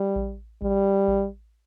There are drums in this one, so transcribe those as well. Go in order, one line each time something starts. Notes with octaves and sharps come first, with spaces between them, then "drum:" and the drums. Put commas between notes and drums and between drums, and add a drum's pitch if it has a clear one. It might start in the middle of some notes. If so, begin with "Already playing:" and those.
Already playing: G3
drum: kick A1
G3, drum: kick A1
drum: kick A1